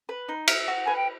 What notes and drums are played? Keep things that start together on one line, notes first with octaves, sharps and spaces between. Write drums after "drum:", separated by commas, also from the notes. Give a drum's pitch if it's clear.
B4
D#4
E5, drum: cymbal
F#4
B4 G#5
G5